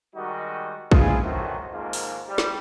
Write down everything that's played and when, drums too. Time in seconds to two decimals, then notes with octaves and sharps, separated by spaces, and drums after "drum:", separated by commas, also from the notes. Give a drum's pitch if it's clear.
0.15 D#3 G3 G#3 D#4 F#4
0.91 F3 E4 F4 G#4, drum: kick
1.22 B1 D#3 E3 A3 F#4 C5
1.72 F2 G#2 D#3 F3 G#3 A#3
1.93 drum: open hi-hat
2.27 G3
2.38 drum: snare